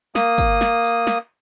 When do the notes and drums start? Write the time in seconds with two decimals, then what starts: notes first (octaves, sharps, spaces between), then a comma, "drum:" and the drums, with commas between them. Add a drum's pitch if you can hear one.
0.15 A#3 D#6, drum: snare
0.38 drum: kick, tambourine
0.61 drum: snare
0.84 drum: tambourine
1.07 drum: snare